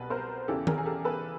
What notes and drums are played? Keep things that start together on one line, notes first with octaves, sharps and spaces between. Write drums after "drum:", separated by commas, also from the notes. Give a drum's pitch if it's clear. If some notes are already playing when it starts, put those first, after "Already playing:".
Already playing: C2 B2 B4
A#4 C5
E2 C#3 E3 G4 A4
G#4 A#4, drum: tom D#3
G#4
G4 A4
A4 B4